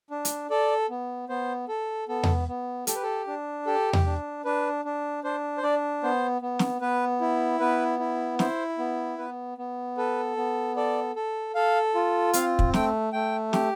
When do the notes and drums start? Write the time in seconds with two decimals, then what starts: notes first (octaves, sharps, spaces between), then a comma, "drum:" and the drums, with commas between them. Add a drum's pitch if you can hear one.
0.11 D4
0.25 drum: hi-hat
0.50 A4 D5
0.90 B3
1.29 B3 C5
1.68 A4
2.08 B3 A4
2.23 drum: tom E2
2.48 B3
2.87 G4 A4, drum: hi-hat
2.95 B4
3.03 A4
3.27 D4
3.66 G4 A4
3.93 drum: tom E2
4.06 D4
4.45 D4 B4
4.85 D4
5.24 D4 C5
5.58 C5
5.63 D4 D5
6.03 B3 C5
6.42 B3
6.59 drum: snare
6.81 B3 B4
7.21 E4
7.60 B3 B4
7.99 E4
8.39 E4 C5, drum: snare
8.78 B3
9.18 B3 B4
9.58 B3
9.97 A4 B4
10.37 B3
10.76 A4 D5
11.16 A4
11.55 A4 F5
11.95 F4
12.33 C4 F5, drum: hi-hat
12.59 drum: kick
12.74 A3 G5, drum: snare
13.13 A3 G5
13.53 G4, drum: snare